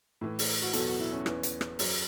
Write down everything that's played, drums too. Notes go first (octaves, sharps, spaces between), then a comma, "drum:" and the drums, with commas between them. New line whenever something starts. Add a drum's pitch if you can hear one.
A2 E3
drum: open hi-hat
F#4
E2 B2 F#3 A4, drum: hi-hat
F#4
E4
C#4
E2 E3, drum: rim click
drum: hi-hat
drum: rim click
F#2 F#3, drum: open hi-hat